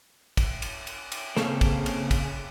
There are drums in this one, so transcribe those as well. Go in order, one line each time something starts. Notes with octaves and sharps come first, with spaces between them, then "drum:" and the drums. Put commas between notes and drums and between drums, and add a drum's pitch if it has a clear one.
drum: kick, cymbal
drum: cymbal
drum: cymbal
drum: cymbal
C#3 A#3 C4 A4, drum: snare
drum: kick, cymbal
drum: cymbal
drum: kick, cymbal